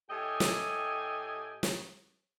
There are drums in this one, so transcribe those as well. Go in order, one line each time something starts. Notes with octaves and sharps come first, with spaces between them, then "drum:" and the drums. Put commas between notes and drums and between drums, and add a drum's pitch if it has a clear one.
A2 G4 D#5 G5 G#5
drum: snare
drum: snare